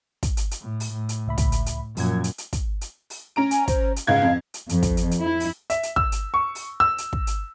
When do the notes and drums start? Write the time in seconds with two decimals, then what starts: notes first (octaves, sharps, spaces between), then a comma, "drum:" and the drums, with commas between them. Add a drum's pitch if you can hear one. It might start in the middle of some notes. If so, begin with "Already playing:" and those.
0.23 drum: kick, hi-hat
0.37 drum: hi-hat
0.51 drum: hi-hat
0.62 A2
0.80 drum: open hi-hat
0.91 A2
1.09 drum: hi-hat
1.27 C#2 E5 B5
1.38 drum: kick, hi-hat
1.52 drum: hi-hat
1.66 drum: hi-hat
1.97 F#2 A#2 F3 G#6, drum: open hi-hat
2.24 drum: hi-hat
2.38 drum: hi-hat
2.53 drum: kick, hi-hat
2.81 drum: hi-hat
3.10 drum: open hi-hat
3.36 C#4 A#5 D7
3.51 G#5, drum: hi-hat
3.68 C5, drum: kick, hi-hat
3.96 drum: hi-hat
4.07 C#2 G#2 F5 G#6
4.22 F2
4.54 drum: hi-hat
4.69 F2, drum: hi-hat
4.83 drum: kick, hi-hat
4.97 drum: hi-hat
5.11 drum: hi-hat
5.22 E4
5.40 drum: open hi-hat
5.70 E5, drum: hi-hat
5.83 drum: hi-hat
5.96 E6, drum: kick
6.12 drum: hi-hat
6.34 C#6
6.55 drum: open hi-hat
6.80 E6
6.98 drum: hi-hat
7.13 drum: kick
7.27 drum: hi-hat